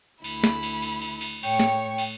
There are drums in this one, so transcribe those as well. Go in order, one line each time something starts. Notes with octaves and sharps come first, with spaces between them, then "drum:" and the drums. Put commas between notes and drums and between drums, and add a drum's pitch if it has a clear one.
D2 E4 B5, drum: cymbal
drum: snare
drum: cymbal
drum: cymbal
drum: cymbal
drum: cymbal
A2 C#5 G5 C#6, drum: cymbal
drum: snare
drum: cymbal